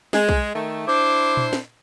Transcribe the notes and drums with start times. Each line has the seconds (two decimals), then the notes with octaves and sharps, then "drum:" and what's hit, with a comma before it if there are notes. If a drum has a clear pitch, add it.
0.13 G#3, drum: snare
0.29 drum: kick
0.54 D#3 A3
0.88 D4 E4 C5 D6
1.37 drum: tom A#2
1.53 drum: snare